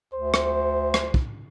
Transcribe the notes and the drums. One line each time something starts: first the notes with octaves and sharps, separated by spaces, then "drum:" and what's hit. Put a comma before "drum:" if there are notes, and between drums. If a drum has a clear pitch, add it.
D2 C5
drum: rim click
drum: rim click
drum: kick